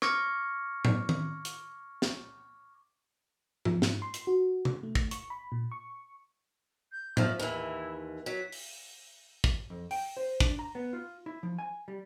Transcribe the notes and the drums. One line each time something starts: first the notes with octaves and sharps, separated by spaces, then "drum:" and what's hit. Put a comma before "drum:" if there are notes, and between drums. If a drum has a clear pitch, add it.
C#6 D6 F6 G#6 A#6 C#7, drum: rim click
drum: tom A2
drum: tom D#3
drum: hi-hat
drum: snare
F3, drum: tom G#2
G#2, drum: snare
C6
drum: hi-hat
F#4
drum: tom C3
A3
drum: kick
C#6, drum: hi-hat
B5
A#2
C#6
G6
A2 F3 E5, drum: tom A2
D#2 E3 E4
F#3 B6
drum: open hi-hat
drum: kick
F2
G5, drum: open hi-hat
C5
D4, drum: kick
A#5
B3
F4
E4
F3
G#5
G3